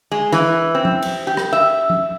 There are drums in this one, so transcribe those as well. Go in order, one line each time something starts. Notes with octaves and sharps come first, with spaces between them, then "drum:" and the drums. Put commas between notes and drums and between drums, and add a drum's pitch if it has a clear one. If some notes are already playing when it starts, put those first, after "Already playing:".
G#3
E3, drum: rim click
C4
drum: tom F3
drum: cymbal
G4
drum: rim click
E5
drum: tom F3